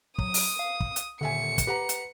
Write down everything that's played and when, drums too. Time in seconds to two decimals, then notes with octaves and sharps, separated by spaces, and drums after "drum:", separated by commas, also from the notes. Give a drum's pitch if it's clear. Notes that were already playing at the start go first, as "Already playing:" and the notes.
0.18 F#3 D#6, drum: kick
0.34 drum: open hi-hat
0.59 F5
0.80 drum: kick
0.96 drum: hi-hat
1.21 D#1 D3 E5 G#5 C#7
1.58 drum: kick, hi-hat
1.67 G4 B4 F#5 A#5
1.89 drum: hi-hat